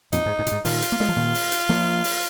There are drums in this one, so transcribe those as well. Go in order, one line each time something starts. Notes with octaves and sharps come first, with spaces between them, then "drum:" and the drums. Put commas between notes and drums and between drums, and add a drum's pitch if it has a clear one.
F2 A#2 D#4, drum: hi-hat
G#2
G#2
A#2, drum: hi-hat
G#2
A#2 D#3 F4, drum: open hi-hat
drum: hi-hat
A#3
G#3, drum: snare
F3
A#2 D#3
drum: open hi-hat
drum: hi-hat
F3 A#3, drum: snare
drum: open hi-hat